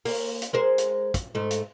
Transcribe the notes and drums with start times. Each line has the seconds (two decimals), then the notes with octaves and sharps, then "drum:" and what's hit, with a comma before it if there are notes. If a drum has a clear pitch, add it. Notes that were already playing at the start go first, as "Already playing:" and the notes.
0.05 A#3, drum: open hi-hat
0.42 drum: hi-hat
0.53 G#3 A#4 C5
0.78 drum: hi-hat
1.14 drum: kick, hi-hat
1.35 G#2 A3
1.51 drum: hi-hat